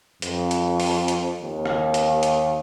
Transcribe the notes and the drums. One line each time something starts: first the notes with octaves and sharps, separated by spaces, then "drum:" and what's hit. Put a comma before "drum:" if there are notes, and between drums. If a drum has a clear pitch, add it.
F2, drum: hi-hat
drum: hi-hat
drum: open hi-hat
drum: hi-hat
D#2
drum: rim click
drum: hi-hat
drum: hi-hat